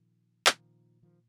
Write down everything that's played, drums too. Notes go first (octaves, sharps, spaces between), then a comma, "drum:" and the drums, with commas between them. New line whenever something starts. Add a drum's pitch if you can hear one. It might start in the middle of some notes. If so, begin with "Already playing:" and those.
Already playing: A#2 D#3 F3
A#2 D#3 F3, drum: clap
D#3 F3